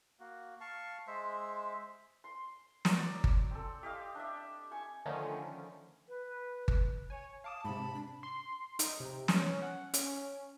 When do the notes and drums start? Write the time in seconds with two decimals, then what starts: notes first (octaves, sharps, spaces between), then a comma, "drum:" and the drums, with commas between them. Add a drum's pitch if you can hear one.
0.20 A#3 F#4
0.61 F5 A5 C#6
1.07 G#3 C5 E5
2.24 C6
2.85 F#3 D5, drum: snare
3.24 drum: kick G1
3.51 C4 A4
3.83 G4 D#5 F5
4.15 D4 D#5 E5
4.71 G#5 C#6
5.06 D3 D#3 F3 A3 C#4 D#4
6.08 B4
6.68 drum: kick G1
7.10 C#5 G#5
7.44 F5 A5 D6 D#6
7.65 G#2 C3 A5 B5
7.95 D4
8.23 C6
8.79 D#4, drum: hi-hat
9.00 C3
9.28 C#4, drum: snare
9.62 F#5
9.94 C#4, drum: hi-hat